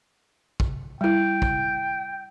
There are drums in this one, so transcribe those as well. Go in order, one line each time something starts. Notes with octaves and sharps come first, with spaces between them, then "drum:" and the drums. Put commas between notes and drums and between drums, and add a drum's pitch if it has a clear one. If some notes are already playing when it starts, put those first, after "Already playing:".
drum: kick
G3 E4 G5
drum: kick